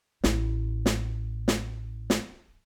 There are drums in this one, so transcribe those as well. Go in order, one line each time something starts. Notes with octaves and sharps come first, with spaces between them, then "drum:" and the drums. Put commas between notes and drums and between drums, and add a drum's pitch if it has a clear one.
A1 E4, drum: snare
drum: snare
drum: snare
drum: snare